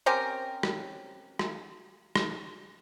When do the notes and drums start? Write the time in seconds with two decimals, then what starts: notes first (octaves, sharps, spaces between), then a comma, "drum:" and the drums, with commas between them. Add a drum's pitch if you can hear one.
0.06 C4 C#4 G4 A#4
0.63 drum: rim click
1.39 drum: rim click
2.15 drum: rim click